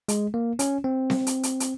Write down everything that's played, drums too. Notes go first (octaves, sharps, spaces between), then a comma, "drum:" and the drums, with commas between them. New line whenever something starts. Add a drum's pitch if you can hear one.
G#3, drum: hi-hat
A#3
C#4, drum: hi-hat
C4
drum: snare C4
drum: hi-hat
drum: hi-hat
drum: hi-hat